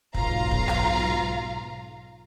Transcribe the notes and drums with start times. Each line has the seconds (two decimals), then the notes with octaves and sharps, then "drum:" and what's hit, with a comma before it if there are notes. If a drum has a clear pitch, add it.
0.14 B1 G#2 F4 F5 A#5, drum: kick
0.51 drum: kick
0.68 drum: rim click